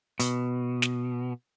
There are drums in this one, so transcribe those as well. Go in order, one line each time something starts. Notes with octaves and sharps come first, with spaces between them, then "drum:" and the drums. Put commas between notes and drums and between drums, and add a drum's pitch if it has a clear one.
B2, drum: hi-hat
drum: snare